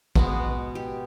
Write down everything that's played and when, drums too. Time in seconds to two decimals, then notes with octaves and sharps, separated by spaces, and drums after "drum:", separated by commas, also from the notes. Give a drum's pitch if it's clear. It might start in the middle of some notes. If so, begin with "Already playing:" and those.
0.16 B2 G#3 B3 F#4, drum: kick
0.75 G4